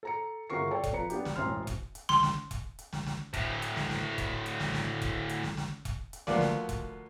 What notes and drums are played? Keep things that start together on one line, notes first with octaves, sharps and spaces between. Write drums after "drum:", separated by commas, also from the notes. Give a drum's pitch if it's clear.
A4 A#5 C#7
G1 C#3 F#4 A#4 C#6 C7
A4 C#5 D5 G5 A5
drum: kick E1, hi-hat
F3 B4 A#5 C#7
B3 D4 G4, drum: hi-hat
drum: snare
E1 A1 F#2 C5 C6 F6
drum: kick E1, hi-hat
drum: hi-hat
C6, drum: snare
drum: snare
drum: kick E1, hi-hat
drum: hi-hat
drum: snare
drum: snare
D2 A2, drum: kick E1, hi-hat
drum: hi-hat
drum: snare
drum: snare
drum: kick E1, hi-hat
drum: hi-hat
drum: snare
drum: snare
drum: kick E1, hi-hat
drum: hi-hat
drum: snare
drum: snare
drum: kick E1, hi-hat
drum: hi-hat
D2 F3 A#3 B3 D5, drum: snare
drum: snare
drum: kick E1, hi-hat